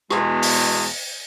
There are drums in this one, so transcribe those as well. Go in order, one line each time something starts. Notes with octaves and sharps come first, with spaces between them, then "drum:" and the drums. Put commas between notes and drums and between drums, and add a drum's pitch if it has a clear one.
E2 B2 G#3, drum: rim click
drum: open hi-hat